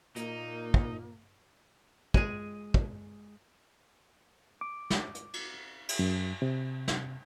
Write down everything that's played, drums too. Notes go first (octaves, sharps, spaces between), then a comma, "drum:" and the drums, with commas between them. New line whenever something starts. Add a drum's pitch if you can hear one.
A#2 A#3 D#4, drum: hi-hat
drum: kick
G#3 G#4, drum: kick
drum: kick
D6
drum: snare
drum: hi-hat
drum: cymbal
drum: cymbal
F#2
C3
drum: snare